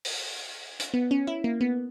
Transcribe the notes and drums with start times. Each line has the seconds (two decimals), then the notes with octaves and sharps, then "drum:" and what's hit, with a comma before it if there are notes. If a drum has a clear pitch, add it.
0.05 drum: open hi-hat
0.80 drum: hi-hat
0.94 B3
1.11 C#4
1.27 E4
1.44 A#3
1.61 B3